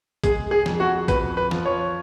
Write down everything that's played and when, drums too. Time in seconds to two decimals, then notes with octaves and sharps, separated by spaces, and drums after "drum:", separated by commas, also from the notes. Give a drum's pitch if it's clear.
0.24 G#3 G#4, drum: kick, hi-hat
0.51 G#4
0.66 F2, drum: snare
0.80 F#4
1.08 F2 B4, drum: kick, hi-hat
1.37 B4
1.51 F3, drum: snare
1.66 C#5